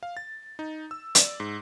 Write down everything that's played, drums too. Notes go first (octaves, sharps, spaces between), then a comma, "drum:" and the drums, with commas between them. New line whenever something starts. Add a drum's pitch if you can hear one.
F5
A6
D#4
E6
D5, drum: hi-hat
G#2